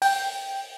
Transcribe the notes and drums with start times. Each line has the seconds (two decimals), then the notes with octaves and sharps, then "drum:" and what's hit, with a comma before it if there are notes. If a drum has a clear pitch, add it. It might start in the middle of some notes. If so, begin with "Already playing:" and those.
0.02 G5, drum: open hi-hat